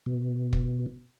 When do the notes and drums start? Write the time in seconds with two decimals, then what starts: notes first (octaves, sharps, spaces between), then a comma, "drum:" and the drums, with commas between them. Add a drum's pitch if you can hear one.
0.06 B2
0.53 drum: kick